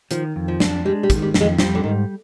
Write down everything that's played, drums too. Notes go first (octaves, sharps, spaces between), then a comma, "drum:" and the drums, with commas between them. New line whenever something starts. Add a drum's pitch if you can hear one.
D#3 F3, drum: hi-hat
F2
F3
D4, drum: snare
G3 G#3
G3
D#3, drum: kick, hi-hat
G3
F2, drum: snare
G#3
F3 G3, drum: snare
D3
G#2 D#3